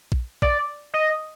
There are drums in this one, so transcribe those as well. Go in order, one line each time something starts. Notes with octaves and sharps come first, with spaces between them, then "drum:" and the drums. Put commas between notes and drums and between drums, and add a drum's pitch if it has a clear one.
drum: kick
D5, drum: kick
D#5